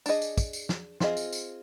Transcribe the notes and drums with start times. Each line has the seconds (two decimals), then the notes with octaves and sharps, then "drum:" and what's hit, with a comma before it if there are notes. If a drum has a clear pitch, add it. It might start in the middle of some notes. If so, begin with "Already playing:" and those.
0.06 D4 G#4 D#5, drum: tambourine
0.22 drum: tambourine
0.37 drum: kick, tambourine
0.53 drum: tambourine
0.69 drum: snare
1.00 C4 F4 G#4 D#5, drum: snare
1.17 drum: tambourine
1.32 drum: tambourine